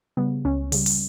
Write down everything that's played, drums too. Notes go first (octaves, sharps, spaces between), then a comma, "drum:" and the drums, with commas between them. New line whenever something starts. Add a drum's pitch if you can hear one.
C#3 G3 B3
C#2 C#4
C#3 G3, drum: open hi-hat
drum: open hi-hat